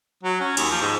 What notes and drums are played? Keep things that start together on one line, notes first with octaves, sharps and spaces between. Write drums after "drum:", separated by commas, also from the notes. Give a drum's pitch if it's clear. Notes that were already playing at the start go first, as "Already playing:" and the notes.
F#3
C#4
D#2, drum: cymbal
F3
G#2